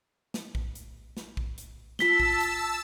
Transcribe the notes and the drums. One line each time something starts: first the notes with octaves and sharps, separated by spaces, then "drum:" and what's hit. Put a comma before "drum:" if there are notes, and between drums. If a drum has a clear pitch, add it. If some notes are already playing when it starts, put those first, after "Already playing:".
drum: snare
drum: kick A#1
drum: hi-hat
drum: snare
drum: kick A#1
drum: hi-hat
F4 A5 E6 B6 G7, drum: snare
drum: kick A#1
drum: hi-hat